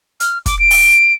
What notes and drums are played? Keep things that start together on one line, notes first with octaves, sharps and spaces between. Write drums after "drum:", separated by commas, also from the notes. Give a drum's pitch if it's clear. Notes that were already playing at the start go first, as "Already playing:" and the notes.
F6, drum: hi-hat
D6, drum: kick, hi-hat
D7
drum: open hi-hat